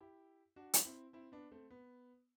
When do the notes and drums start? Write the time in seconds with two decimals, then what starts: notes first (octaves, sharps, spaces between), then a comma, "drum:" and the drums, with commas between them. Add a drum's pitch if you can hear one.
0.01 E4 G4
0.56 D4 F#4
0.74 drum: hi-hat
0.85 C4 E4
1.13 C4 E4
1.32 B3 D4
1.52 A3 C4
1.71 B3